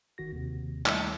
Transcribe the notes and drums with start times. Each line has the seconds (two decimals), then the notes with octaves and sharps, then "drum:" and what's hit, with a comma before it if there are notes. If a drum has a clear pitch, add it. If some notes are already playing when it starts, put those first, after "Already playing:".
0.18 G1 D#3 F#4 A#6
0.32 D#2 C3
0.86 D#2 G3 A3 E4, drum: clap